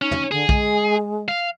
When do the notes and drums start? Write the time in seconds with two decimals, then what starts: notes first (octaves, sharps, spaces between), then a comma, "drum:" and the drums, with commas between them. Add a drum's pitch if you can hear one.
0.02 C#4 D#4
0.11 drum: tom
0.32 D3 G#4
0.49 G#3, drum: kick
1.28 F5